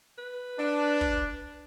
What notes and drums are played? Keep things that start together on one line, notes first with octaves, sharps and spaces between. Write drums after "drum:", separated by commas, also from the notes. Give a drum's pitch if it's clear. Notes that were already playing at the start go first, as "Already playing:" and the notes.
B4
D4
drum: kick